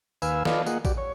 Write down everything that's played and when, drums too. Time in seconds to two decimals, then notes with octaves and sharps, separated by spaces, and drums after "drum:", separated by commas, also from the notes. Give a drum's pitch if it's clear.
0.22 D#2 B4 F5 G#5 E6, drum: tambourine
0.45 F4 A4 B4 D5 D#5 F5, drum: snare
0.66 A#3 F4 G#4 D#5 F#5, drum: tambourine
0.85 F#4 G4 D5, drum: kick, tambourine
0.97 C#5